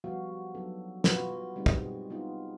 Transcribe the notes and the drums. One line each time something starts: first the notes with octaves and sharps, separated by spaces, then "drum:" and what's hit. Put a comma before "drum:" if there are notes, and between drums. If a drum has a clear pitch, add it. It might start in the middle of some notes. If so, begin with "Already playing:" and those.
F3 G3 B3 F#4 F5
F#3 B3 D4 D#4 A4
G3 B3 F4 F#4 B4, drum: snare
G3 G#3 C4 D#4
drum: kick
C3 B3 D4 D#4 F4